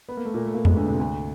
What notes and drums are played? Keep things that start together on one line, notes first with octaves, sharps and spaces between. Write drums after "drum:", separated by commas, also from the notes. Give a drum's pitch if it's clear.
B3
A#3
A3
A#2 A#3
A3
A#2 A#3
G#2 G#3, drum: tom E2
D2 D3
C3
D2 D3